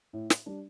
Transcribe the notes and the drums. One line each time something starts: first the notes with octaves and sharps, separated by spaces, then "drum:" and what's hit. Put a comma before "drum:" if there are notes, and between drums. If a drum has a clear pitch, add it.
A2
drum: snare
G3 D4